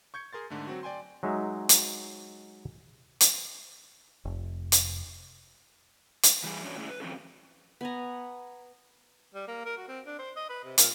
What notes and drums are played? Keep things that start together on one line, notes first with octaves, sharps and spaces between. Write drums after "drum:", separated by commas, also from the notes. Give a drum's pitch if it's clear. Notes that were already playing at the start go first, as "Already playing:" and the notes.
C#6 G6 G#6 C#7
G#4 A#4 C6 A6
G#2 D3 A3
F#3 C4 F#4
D5 G5 G#5 C6
F#3 G#3 D#4 E5 A#5
drum: hi-hat
drum: hi-hat
F1
drum: hi-hat
drum: hi-hat
E3 G3 G#4
F2 E3 F#3 C#4 D4 C#5
A3 C#4 E4 G#4 D5
B4
E3 F3 C4 C#4 A4
B3 G#5 A#5
G3
A#3
A#4
F#4
C4
D4
C5
D#5
B4
C3
A#2, drum: hi-hat